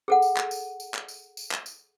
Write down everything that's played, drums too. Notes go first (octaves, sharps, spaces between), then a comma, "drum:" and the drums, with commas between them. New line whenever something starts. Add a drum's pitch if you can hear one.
G#4 A4 F#5
drum: tambourine
drum: clap
drum: tambourine
drum: tambourine
drum: clap
drum: tambourine
drum: tambourine
drum: clap
drum: tambourine